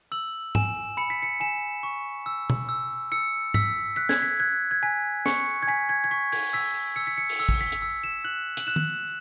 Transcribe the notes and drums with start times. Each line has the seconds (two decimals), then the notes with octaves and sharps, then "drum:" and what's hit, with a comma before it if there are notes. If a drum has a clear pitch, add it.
0.12 E6 F#7
0.55 G#5 E7, drum: tom G#2
0.97 B5 C#7
1.10 B6
1.22 C#7
1.40 G#5 E7
1.83 C#6
2.26 E6
2.50 drum: tom
2.69 E6
3.12 E6 C#7
3.54 E6 B6, drum: tom G#2
3.96 F#6 B6
4.09 G#6, drum: snare
4.23 B6
4.40 F#6 G#6
4.71 G#6
4.83 G#5 B6
5.26 C#6 C#7, drum: snare
5.63 G#6
5.68 G#5 B6
5.89 G#6
6.04 G#6
6.11 C#6 B6
6.32 G#6, drum: open hi-hat
6.53 E6 B6
6.96 E6 C#7
7.07 B6
7.18 C#7
7.29 drum: open hi-hat
7.40 E6
7.49 drum: kick
7.61 B6
7.72 drum: hi-hat
7.82 E6
8.04 E7
8.24 F#6 F#7
8.57 F#7, drum: hi-hat
8.67 F#6 E7
8.76 drum: tom